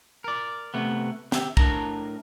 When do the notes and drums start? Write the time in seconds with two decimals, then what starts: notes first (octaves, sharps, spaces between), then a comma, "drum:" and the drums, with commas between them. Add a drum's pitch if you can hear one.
0.24 A#4 D5
0.74 C3 A3 B3
1.32 G4 E5, drum: snare
1.57 A2 D4 A#4 A5 A#5, drum: kick